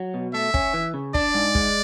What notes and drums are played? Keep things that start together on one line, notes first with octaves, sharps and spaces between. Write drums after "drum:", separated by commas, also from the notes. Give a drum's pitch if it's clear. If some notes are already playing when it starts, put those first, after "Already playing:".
Already playing: F#3
B2
A3 E5
C#4, drum: kick
E3
C#3
D4 D5, drum: kick
G#2
G#3, drum: kick